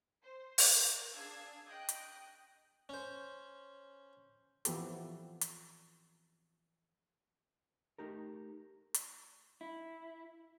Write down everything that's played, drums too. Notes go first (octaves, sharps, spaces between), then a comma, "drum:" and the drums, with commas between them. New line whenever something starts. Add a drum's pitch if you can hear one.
C5
drum: open hi-hat
A#4
D4 G#4 F5 E6 G#6
D#5 G5 D#6 F#6 G6
drum: hi-hat
C#4 C5
E3 F3 B3 G4 A4, drum: hi-hat
drum: hi-hat
A3 D#4 G4 A#4
drum: hi-hat
E4